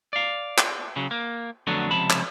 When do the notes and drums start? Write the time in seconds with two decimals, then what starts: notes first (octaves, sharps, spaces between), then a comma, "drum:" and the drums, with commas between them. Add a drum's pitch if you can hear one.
0.13 D5 F5
0.58 drum: clap
0.96 C#3 F#3
1.11 A#3
1.67 F2 D3 F#3 A3 B3 D4
1.91 C#2 C3 F3 A5 B5
2.10 drum: clap